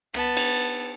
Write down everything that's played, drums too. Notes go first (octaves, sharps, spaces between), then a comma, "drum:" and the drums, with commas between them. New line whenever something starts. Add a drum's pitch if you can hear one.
B3 A5, drum: rim click
drum: cymbal